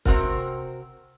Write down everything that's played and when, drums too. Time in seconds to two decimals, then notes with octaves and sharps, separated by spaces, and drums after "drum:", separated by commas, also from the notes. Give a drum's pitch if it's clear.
0.05 C3 C4 F#4 A#4, drum: kick C#1